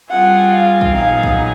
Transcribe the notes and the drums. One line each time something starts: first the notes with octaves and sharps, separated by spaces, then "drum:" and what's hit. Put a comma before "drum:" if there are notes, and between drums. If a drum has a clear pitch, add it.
G3 C4 F4 G#4 F#5
F5
drum: kick
A#2 F#3 B3 D#4 G#4 F5
drum: kick